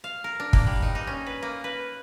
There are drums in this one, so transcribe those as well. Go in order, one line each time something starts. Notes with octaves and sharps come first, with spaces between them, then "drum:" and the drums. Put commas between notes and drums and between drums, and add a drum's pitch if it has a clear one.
F5
A#4
D4
A#3, drum: kick
G3
D#4
D#4
C#4
B4
A#3
B4